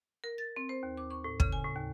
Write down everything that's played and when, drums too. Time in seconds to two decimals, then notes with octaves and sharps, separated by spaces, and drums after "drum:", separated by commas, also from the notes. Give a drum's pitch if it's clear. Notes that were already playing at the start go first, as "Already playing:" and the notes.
0.24 A#4
0.38 A6
0.56 C4
0.69 C5
0.83 D#2
0.97 D6
1.10 C#6
1.24 A2
1.40 C#3, drum: kick
1.52 G#5
1.65 A2
1.76 D#2